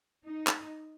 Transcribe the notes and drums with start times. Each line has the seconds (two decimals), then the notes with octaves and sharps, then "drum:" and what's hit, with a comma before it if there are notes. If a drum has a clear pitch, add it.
0.24 D#4
0.47 drum: clap